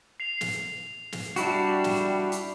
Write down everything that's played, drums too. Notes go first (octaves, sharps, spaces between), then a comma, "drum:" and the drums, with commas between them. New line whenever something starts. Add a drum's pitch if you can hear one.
C7 F7
drum: snare
drum: snare
G3 D4 E4 F#4, drum: hi-hat
drum: snare
drum: hi-hat